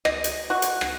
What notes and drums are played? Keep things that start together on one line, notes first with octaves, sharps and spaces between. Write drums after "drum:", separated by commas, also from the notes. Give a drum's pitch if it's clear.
D#5, drum: rim click
drum: hi-hat
F#4
drum: hi-hat
drum: rim click